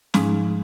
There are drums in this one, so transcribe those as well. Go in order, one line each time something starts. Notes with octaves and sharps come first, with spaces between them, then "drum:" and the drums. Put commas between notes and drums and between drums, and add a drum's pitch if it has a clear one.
G#2 F3 G#3 D#4 G#4, drum: snare